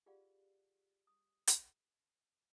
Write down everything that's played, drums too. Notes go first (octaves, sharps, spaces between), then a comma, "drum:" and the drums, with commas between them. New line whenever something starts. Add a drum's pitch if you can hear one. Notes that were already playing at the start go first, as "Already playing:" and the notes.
F4 G4 G#4 D5 F5 F#5
D#6
drum: hi-hat